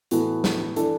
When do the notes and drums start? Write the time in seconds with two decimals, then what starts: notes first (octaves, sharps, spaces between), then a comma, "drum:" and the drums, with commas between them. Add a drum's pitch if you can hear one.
0.11 A2 E3 B3 F#4 A4, drum: hi-hat
0.44 drum: snare
0.76 E3 D4 A4, drum: hi-hat